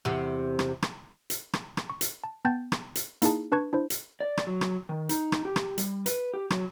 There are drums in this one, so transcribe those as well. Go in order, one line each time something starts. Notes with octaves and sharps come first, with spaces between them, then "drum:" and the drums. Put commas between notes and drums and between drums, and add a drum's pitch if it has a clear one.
E2 C3
drum: rim click
drum: rim click
drum: hi-hat
drum: rim click
drum: rim click
C#6
drum: hi-hat
A5
B3 G5 A5 G6 A6
drum: rim click
drum: hi-hat
A#3 D#4 E4 G#4 A5, drum: hi-hat
D4 B4 A5 C#6 G#6
D4 E4 C5
drum: hi-hat
D5
drum: rim click
F#3
drum: rim click
D#3
D#4, drum: hi-hat
drum: rim click
G4
drum: rim click
G3, drum: hi-hat
B4, drum: hi-hat
G4
F#3, drum: rim click